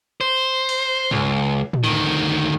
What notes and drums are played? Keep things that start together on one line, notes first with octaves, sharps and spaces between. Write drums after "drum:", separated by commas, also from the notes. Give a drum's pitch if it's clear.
C5
drum: cymbal
C#2, drum: tom G2
drum: tom A2
D2 D#3